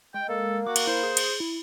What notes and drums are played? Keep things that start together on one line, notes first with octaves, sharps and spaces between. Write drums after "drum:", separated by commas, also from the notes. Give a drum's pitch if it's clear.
G#3 G5
A#3 A4
F#4 D6
drum: cymbal
E4 C5
G#4
drum: cymbal
E4